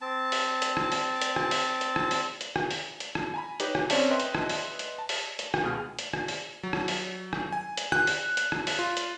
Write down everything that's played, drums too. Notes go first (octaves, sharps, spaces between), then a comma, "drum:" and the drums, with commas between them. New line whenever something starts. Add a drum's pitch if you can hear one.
C4 A5
drum: open hi-hat
drum: hi-hat
drum: rim click
drum: open hi-hat
drum: hi-hat
drum: rim click
drum: open hi-hat
drum: hi-hat
drum: rim click
drum: open hi-hat
drum: hi-hat
drum: rim click
drum: open hi-hat
drum: hi-hat
drum: rim click
G#5 A#5 B5
D#4 G4 B4 C#5, drum: hi-hat
drum: rim click
C4 C#4 C#5 D5 A5, drum: open hi-hat
B4 D#5 E5 G5 C6
drum: hi-hat
drum: rim click
drum: open hi-hat
drum: hi-hat
A5
drum: open hi-hat
drum: hi-hat
drum: rim click
C#2 B2 B3 G#4 F6
drum: hi-hat
drum: rim click
drum: open hi-hat
F#3
drum: rim click
drum: open hi-hat
drum: rim click
G#5
drum: hi-hat
F#6, drum: rim click
drum: open hi-hat
drum: hi-hat
drum: rim click
drum: open hi-hat
F4
drum: hi-hat